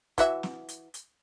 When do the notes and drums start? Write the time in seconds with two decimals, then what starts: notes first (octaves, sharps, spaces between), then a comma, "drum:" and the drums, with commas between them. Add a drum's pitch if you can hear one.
0.18 E3 F#4 E5, drum: kick, hi-hat
0.43 drum: snare
0.68 drum: hi-hat
0.94 drum: hi-hat